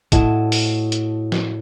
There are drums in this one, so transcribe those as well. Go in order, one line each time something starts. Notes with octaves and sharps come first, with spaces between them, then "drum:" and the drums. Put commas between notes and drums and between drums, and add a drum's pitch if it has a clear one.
A2 E4 F#4 D#5 A5 E7, drum: kick, hi-hat
drum: open hi-hat
drum: hi-hat
drum: snare